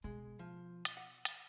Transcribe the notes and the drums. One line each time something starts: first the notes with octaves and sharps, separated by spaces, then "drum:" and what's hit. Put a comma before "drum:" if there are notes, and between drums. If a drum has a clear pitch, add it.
B2 G#3
F3
drum: hi-hat
F#5
drum: hi-hat